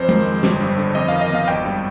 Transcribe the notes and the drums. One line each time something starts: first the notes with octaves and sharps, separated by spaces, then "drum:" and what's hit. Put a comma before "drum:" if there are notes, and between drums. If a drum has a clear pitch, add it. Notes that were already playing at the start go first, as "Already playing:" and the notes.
Already playing: F2 C5
D#3, drum: tom
G#3
G1, drum: snare
G2
D3
F2 D#5
D#3 F5
D#5
B3 F5
G#1 G5
G2